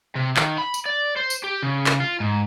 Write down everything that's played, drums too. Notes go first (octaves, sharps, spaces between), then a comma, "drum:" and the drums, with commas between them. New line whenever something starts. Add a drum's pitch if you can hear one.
C3
D#3, drum: clap
B5
drum: tambourine
D5
C5
drum: tambourine
G4
C#3
drum: clap
F4
G#2